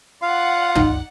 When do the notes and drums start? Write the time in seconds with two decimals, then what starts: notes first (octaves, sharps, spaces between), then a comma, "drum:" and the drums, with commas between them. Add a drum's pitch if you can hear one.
0.22 F4 D5 F5 F#5
0.75 G#1 D#4, drum: tom